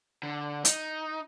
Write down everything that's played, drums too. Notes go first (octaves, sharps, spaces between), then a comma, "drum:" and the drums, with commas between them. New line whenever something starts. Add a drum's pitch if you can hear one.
D3
D#4, drum: hi-hat